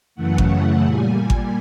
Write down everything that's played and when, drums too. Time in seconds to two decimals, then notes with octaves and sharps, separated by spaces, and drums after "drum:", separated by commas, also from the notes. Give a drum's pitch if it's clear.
0.15 F#2 C#3 E3 A3 F#5
0.38 drum: kick G#1
0.50 F#5
0.84 A#2 G3 G#5
1.30 drum: kick G#1